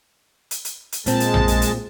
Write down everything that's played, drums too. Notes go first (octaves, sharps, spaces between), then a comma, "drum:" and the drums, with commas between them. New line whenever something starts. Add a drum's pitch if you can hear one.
drum: hi-hat
drum: hi-hat
drum: hi-hat
A#2 G#3 C4 A5, drum: hi-hat
drum: hi-hat
drum: tom A#1
drum: hi-hat
drum: hi-hat